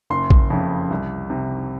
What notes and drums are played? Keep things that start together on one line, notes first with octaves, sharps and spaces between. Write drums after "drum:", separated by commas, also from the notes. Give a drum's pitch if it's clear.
F#1 C6
drum: kick A#1
F2 C#3
C2
C3